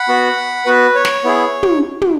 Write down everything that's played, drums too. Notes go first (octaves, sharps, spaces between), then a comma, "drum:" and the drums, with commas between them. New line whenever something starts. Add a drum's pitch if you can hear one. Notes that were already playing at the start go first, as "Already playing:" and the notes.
Already playing: F#5 B5
B3 F#4
B3 F#4 B4
C#5
drum: snare
B3 E4 G#4
drum: tom
drum: tom